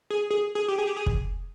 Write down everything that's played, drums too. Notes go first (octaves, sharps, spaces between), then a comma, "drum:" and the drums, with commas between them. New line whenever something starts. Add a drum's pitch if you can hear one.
G#4
G#4
G#4
G4
G#4
G4
G#4
drum: kick